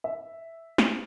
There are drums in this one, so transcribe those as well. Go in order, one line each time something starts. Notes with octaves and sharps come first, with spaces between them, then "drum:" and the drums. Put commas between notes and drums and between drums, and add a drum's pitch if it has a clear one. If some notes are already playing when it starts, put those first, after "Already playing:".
E5
drum: snare